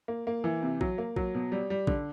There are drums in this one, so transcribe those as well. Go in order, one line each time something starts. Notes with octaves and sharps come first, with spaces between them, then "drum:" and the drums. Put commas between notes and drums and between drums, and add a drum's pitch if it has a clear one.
A#3
A#3
E3
C3
F#3, drum: kick A#1
A#3
F#3, drum: kick A#1
B2
G3
G3
D3, drum: kick A#1